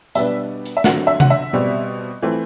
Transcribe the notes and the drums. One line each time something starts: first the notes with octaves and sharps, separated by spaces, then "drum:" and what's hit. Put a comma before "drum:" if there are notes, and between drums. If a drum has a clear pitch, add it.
B2 G3 B3 D4 E5, drum: tambourine
drum: hi-hat
E5
D3 F#3 C4 F#5, drum: snare
E5
F#5, drum: tom C3
E5
B2 G3 C4
E3 A3 C4